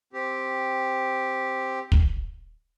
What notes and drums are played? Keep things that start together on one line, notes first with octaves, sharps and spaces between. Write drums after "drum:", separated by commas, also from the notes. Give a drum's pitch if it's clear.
C4 G4
drum: kick